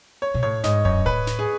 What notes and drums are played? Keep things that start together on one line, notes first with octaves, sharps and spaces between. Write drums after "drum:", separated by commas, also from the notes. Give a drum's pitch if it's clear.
C#5
B2
A2 C#5
G#2 D#5, drum: snare
F#2 C#5, drum: kick D1
A2 B4
drum: snare
G#4